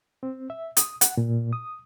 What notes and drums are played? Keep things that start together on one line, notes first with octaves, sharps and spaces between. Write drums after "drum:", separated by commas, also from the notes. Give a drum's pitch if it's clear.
C4
E5
D#6, drum: hi-hat
F#5, drum: hi-hat
A#2
D#6